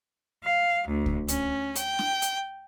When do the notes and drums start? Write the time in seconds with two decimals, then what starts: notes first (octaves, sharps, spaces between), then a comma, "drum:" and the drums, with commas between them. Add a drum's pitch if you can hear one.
0.44 F5
0.88 D2
1.06 drum: kick C#2
1.28 C#4, drum: hi-hat
1.75 G5, drum: hi-hat
1.99 drum: snare
2.22 drum: hi-hat